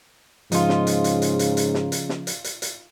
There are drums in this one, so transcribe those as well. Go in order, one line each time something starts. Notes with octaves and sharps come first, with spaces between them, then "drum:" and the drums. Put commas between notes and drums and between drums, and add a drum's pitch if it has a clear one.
G#2 C#3 F3 D#4 F4, drum: hi-hat
drum: snare
drum: hi-hat
drum: hi-hat
drum: hi-hat
drum: hi-hat
drum: hi-hat
drum: snare
drum: hi-hat
drum: snare
drum: hi-hat
drum: hi-hat
drum: hi-hat